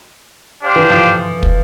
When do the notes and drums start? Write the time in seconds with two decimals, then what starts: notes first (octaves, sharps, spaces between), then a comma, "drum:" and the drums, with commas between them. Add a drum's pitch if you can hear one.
0.63 D4 G4 C5 F5
0.76 E3
0.90 F3
1.43 drum: kick